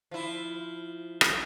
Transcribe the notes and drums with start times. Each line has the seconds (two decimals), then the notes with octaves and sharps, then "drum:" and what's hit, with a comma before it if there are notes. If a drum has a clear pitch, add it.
0.11 F3 E4
1.21 drum: rim click